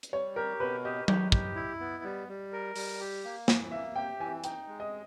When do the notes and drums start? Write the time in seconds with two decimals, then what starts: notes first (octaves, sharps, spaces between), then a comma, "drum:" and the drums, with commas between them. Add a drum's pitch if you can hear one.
0.03 drum: hi-hat
0.12 G3 C#5
0.36 G4 A#4
0.60 B2 B4
0.84 G4 D#5
1.08 G4, drum: tom F#3
1.32 G4, drum: kick
1.56 E4
1.80 B3
2.04 G3
2.28 G3
2.53 A#4
2.75 G3, drum: open hi-hat
3.00 G4
3.25 A#3
3.48 E3, drum: snare
3.71 A#3 E5
3.96 G4 G5
4.19 E3 G#5
4.44 D#4 G5, drum: hi-hat
4.67 G#3
4.80 D#5